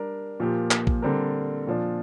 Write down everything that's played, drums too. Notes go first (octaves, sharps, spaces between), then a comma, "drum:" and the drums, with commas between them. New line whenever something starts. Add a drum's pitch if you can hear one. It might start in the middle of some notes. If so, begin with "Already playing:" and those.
Already playing: G3 D4 A#4
A#2 F3 A#3 G4
drum: clap
drum: kick A1
D3 G3 C4 A#4
A#2 F3 D4